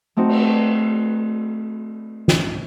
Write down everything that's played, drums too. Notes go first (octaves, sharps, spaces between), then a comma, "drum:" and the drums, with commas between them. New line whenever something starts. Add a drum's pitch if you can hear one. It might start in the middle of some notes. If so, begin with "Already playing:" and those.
A3 C4 D#4 F#4
drum: cymbal
drum: snare